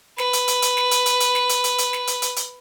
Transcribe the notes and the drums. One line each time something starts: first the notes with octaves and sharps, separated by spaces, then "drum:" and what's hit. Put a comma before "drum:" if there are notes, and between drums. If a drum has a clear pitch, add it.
B4, drum: snare
drum: hi-hat
drum: hi-hat
drum: hi-hat
drum: snare
drum: hi-hat
drum: hi-hat
drum: hi-hat
drum: snare
drum: hi-hat
drum: hi-hat
drum: hi-hat
drum: snare
drum: hi-hat
drum: hi-hat
drum: hi-hat